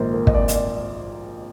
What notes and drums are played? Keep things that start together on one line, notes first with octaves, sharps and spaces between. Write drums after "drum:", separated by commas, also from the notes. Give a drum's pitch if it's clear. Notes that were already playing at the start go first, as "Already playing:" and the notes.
Already playing: A#1 G#2 D#3 A#3 C5
A#4
D#5, drum: kick
D5
D#5, drum: hi-hat
D5